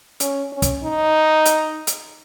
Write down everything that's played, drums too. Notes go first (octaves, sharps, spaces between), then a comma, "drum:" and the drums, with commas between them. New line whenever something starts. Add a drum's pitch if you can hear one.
C#4, drum: hi-hat
C#4
drum: kick, hi-hat
D#4
drum: hi-hat
drum: hi-hat